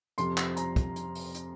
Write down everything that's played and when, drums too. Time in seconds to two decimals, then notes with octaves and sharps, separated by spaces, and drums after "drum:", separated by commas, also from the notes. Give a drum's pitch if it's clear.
0.18 F2 C3 F3 C6, drum: hi-hat
0.37 drum: clap
0.56 A#5, drum: hi-hat
0.76 drum: kick, hi-hat
0.96 drum: hi-hat
1.15 drum: open hi-hat
1.34 drum: hi-hat